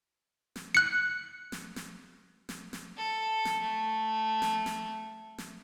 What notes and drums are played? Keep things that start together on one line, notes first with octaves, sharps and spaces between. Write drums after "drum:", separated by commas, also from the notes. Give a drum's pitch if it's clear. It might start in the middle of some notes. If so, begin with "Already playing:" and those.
drum: snare
F#6 C#7
drum: snare
drum: snare
drum: snare
drum: snare
A4
drum: snare
A3
drum: snare
drum: snare
drum: snare